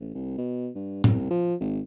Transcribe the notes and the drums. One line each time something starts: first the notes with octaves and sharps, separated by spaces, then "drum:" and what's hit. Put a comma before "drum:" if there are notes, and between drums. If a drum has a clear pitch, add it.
A1
C2
B2
G2
C2, drum: tom
F3
G#1